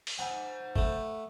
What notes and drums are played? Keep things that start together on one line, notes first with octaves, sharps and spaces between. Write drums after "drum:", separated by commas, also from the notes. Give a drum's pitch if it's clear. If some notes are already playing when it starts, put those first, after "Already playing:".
drum: open hi-hat
C5 F#5 G#5
A3 B3, drum: kick